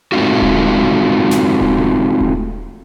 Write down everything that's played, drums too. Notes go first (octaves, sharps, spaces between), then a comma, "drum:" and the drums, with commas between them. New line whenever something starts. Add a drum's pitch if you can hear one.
G#3 A3 C4 D#4 F4 F#4
drum: kick D#1
drum: snare
drum: kick D#1
drum: kick D#1